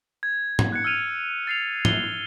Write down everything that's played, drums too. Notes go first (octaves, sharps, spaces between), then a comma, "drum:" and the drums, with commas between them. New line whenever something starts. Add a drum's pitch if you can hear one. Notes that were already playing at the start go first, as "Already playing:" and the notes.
G#6
drum: tom G#2
F#6 G#6 C#7
E6 F6 G#6 D#7 F7
A6 C7 F7
G7, drum: tom G#2